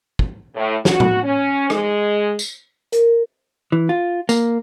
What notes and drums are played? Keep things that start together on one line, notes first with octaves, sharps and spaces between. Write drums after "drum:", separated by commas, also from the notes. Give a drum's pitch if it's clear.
drum: kick
A2
F#4, drum: snare
drum: tom
C#4
G#3, drum: rim click
drum: tambourine
A#4, drum: hi-hat
E3
F4
A#3, drum: tambourine